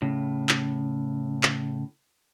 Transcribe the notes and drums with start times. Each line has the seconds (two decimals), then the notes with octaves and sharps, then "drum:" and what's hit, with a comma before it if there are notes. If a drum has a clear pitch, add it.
0.02 A2 C#3
0.49 drum: clap
1.43 drum: clap